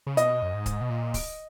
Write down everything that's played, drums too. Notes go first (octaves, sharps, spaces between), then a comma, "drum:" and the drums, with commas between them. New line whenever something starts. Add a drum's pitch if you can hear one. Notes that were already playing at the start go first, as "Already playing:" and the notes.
C#3
B2 D#5, drum: hi-hat
F#2
G#2
drum: kick C#1, hi-hat
B2
A#2
drum: kick C#1, open hi-hat